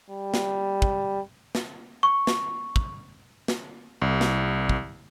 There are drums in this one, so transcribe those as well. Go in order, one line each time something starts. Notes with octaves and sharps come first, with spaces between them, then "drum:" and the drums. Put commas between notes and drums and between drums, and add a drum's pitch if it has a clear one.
G3
drum: snare
drum: kick
drum: snare
C#6
drum: snare
drum: kick
drum: snare
C2
drum: snare
drum: kick